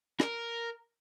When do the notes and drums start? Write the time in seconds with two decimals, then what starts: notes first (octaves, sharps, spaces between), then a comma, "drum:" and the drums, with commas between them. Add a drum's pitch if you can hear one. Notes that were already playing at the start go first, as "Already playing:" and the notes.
0.20 A#4, drum: rim click